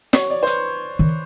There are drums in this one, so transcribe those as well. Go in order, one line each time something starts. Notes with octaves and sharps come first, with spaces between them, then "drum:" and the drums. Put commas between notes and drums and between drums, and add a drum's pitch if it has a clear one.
C#5, drum: snare
D5
C5
B4, drum: hi-hat
D#3